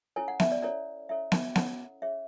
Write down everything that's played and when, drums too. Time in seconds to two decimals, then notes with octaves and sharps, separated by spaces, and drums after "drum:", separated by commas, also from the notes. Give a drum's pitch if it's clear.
0.16 C#4 E4 A4 C#5 G#5
0.28 F#5
0.40 E5, drum: snare B3
0.52 D5
0.62 C#4 E4 A4 C#5 D5
1.09 C#4 E4 A4 C#5 E5
1.32 drum: snare B3
1.55 C#4 E4 A4 C#5 F#5, drum: snare B3
2.02 C#4 G#4 C#5 E5